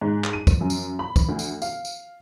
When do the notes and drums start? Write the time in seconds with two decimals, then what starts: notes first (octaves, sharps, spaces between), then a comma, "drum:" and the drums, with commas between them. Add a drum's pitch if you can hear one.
0.01 G#2
0.24 drum: clap
0.33 D#7
0.47 drum: kick, tambourine
0.61 F#2
0.70 drum: tambourine
0.99 B5
1.16 drum: kick, tambourine
1.29 D2
1.39 drum: tambourine
1.62 F5, drum: tambourine
1.85 drum: tambourine